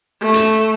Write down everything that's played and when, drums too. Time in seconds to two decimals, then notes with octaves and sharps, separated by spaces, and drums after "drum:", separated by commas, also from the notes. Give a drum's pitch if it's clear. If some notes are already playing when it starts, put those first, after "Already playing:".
0.21 A3
0.34 drum: hi-hat